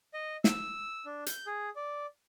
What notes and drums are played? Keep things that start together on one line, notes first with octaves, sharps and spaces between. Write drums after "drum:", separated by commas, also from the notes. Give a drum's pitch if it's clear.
D#5
E6, drum: snare
D4
G6, drum: hi-hat
G#4
D5